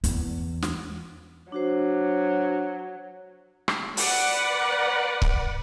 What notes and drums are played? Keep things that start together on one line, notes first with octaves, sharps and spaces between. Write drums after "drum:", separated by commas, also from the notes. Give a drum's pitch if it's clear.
E2, drum: hi-hat
drum: snare
F#3 D4 F#4 C5
drum: rim click
B4 D5 F#5, drum: open hi-hat
drum: kick